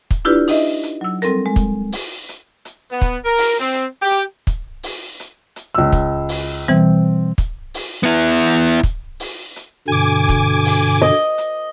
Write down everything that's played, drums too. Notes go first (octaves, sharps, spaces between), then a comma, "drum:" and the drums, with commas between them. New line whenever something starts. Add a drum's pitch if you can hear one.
drum: kick, hi-hat
D4 E4 F4 G4 B4 D5
D#4 D#5 E5, drum: open hi-hat
drum: hi-hat
F#3 E6
G3 C4 A4 A#4, drum: hi-hat
G#3
drum: kick, hi-hat
drum: open hi-hat
drum: hi-hat
drum: hi-hat
B3
drum: kick, hi-hat
A#4
drum: open hi-hat
C4
drum: hi-hat
G4
drum: hi-hat
drum: kick, hi-hat
drum: open hi-hat
drum: hi-hat
drum: hi-hat
C#2 E6
drum: kick, hi-hat
drum: open hi-hat
B2 E3 G3 C4
drum: kick, hi-hat
drum: open hi-hat
B3 E4
drum: hi-hat
drum: kick, hi-hat
drum: open hi-hat
drum: hi-hat
G2 B2 D3 G#5 D6
drum: kick, hi-hat
drum: open hi-hat
D#5, drum: hi-hat
drum: hi-hat